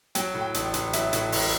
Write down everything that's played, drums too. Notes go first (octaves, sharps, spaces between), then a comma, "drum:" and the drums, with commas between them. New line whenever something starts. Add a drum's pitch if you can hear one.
F#3 G5, drum: hi-hat
A2
G5
A1, drum: hi-hat
A1, drum: hi-hat
F#3 E5, drum: hi-hat
A2, drum: hi-hat
A1, drum: open hi-hat